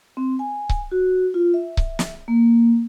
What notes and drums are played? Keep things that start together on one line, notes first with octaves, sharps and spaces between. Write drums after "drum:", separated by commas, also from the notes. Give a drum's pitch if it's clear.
C4
G#5
drum: kick C#1
F#4
F4
E5
drum: kick C#1
drum: snare
A#3